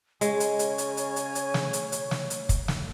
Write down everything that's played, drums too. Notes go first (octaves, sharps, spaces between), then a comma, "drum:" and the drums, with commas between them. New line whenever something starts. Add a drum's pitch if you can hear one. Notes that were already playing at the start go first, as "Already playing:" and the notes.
C#3 G#3 C#5 G#5, drum: hi-hat
drum: hi-hat
drum: hi-hat
drum: hi-hat
drum: hi-hat
drum: hi-hat
drum: hi-hat
drum: snare
drum: hi-hat
drum: hi-hat
drum: snare
drum: hi-hat
drum: kick, hi-hat
drum: snare